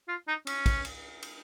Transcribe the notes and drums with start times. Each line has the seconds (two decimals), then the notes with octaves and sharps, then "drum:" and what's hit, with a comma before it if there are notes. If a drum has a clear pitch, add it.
0.08 F4
0.28 D#4
0.47 C#4, drum: cymbal
0.66 drum: kick, cymbal
0.85 drum: cymbal
1.23 drum: cymbal